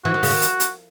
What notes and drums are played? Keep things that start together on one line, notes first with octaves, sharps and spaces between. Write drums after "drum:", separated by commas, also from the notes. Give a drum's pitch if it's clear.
E3 F#4
D#3
C#3, drum: open hi-hat
D#3
drum: hi-hat
drum: hi-hat